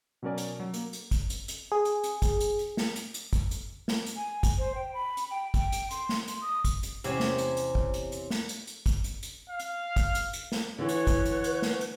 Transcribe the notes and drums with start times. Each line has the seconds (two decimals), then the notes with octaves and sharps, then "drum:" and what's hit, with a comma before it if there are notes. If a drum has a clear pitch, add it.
0.22 B2 F#3 C#4 A#4 D5 G#5
0.38 drum: hi-hat
0.60 F#3
0.74 A#3, drum: hi-hat
0.93 drum: hi-hat
1.11 drum: kick, hi-hat
1.30 drum: hi-hat
1.48 drum: hi-hat
1.72 G#4
1.85 drum: hi-hat
2.04 drum: hi-hat
2.22 drum: kick, hi-hat
2.40 drum: hi-hat
2.59 drum: hi-hat
2.77 drum: snare
2.96 drum: hi-hat
3.14 drum: hi-hat
3.33 drum: kick, hi-hat
3.51 drum: hi-hat
3.88 drum: snare
4.06 drum: hi-hat
4.16 G#5
4.43 drum: kick, hi-hat
4.58 C5
4.75 G5
4.94 B5
5.17 drum: hi-hat
5.31 G5
5.54 G5, drum: kick, hi-hat
5.72 drum: hi-hat
5.91 C6, drum: hi-hat
6.09 drum: snare
6.28 drum: hi-hat
6.41 D#6
6.65 drum: kick, hi-hat
6.83 drum: hi-hat
7.04 E2 C3 C#4, drum: hi-hat
7.20 drum: snare
7.38 drum: hi-hat
7.57 drum: hi-hat
7.75 drum: kick
7.94 drum: hi-hat
8.12 drum: hi-hat
8.30 drum: snare
8.49 drum: hi-hat
8.67 drum: hi-hat
8.86 drum: kick, hi-hat
9.04 drum: hi-hat
9.23 drum: hi-hat
9.49 F5
9.60 drum: hi-hat
9.96 drum: kick, hi-hat
10.15 drum: hi-hat
10.33 drum: hi-hat
10.52 drum: snare
10.79 D3 E3 B4 C#5
10.89 drum: hi-hat
11.07 drum: kick, hi-hat
11.25 drum: hi-hat
11.44 drum: hi-hat
11.62 drum: snare
11.81 drum: hi-hat